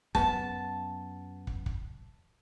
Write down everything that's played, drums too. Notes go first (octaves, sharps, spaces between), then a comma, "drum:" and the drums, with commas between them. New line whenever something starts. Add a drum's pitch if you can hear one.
F#2 B3 A5, drum: kick
drum: kick
drum: kick